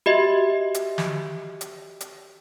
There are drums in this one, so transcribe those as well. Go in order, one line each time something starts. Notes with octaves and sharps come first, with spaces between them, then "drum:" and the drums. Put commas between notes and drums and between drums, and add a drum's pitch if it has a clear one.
F#4 G4 D#5 E5
drum: hi-hat
drum: snare
drum: hi-hat
drum: hi-hat